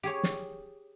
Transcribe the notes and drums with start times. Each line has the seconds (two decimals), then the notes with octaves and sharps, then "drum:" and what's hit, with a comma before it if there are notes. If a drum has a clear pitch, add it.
0.03 G4 G#4 C#5
0.23 drum: snare